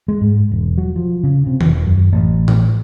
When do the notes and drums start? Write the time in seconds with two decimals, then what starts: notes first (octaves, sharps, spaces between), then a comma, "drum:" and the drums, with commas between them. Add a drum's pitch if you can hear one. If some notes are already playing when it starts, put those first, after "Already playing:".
0.08 G#3
0.21 G#2
0.52 E1
0.78 F#3
0.96 F3
1.23 C#3
1.47 C3
1.61 E1, drum: tom D#3
1.87 F#2
2.13 A1
2.48 drum: tom A2